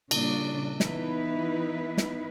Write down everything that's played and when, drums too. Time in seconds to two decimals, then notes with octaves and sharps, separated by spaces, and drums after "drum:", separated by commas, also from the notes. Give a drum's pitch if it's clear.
0.11 A#2 C#3 G3 D4 D5, drum: cymbal
0.80 E3 B3 D#4 E4 B4, drum: snare
1.97 drum: snare